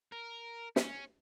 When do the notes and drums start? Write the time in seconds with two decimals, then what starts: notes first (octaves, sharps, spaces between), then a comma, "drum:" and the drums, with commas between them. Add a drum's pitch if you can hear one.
0.12 A#4
0.76 C#4, drum: snare